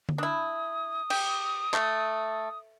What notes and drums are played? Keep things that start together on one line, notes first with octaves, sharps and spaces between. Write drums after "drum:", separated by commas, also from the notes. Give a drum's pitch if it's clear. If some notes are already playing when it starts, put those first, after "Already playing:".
drum: tom D3
D4 E4 D#6
G4, drum: cymbal
A3, drum: clap